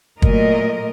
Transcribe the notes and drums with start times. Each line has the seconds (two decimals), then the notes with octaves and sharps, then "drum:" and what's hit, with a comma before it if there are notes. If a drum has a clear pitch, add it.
0.22 A#2 F#3 A3 A#4 D#5, drum: kick